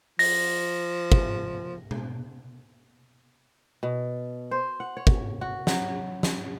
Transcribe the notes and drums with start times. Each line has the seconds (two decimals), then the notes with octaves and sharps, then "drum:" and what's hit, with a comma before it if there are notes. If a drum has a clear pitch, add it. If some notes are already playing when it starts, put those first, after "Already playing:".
0.19 F3 A#6, drum: open hi-hat
1.12 drum: kick
1.91 drum: tom B2
3.83 B2
4.51 C5
4.80 F#5
4.97 C#5
5.07 drum: kick
5.41 F#4
5.67 F#3, drum: snare
6.23 drum: snare